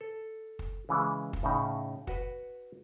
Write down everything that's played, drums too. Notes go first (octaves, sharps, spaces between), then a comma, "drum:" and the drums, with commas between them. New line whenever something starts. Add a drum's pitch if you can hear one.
A4
drum: kick
C#3 E3 G#3
drum: kick
A2 C#3 D#4
F#4 B4 F#5, drum: kick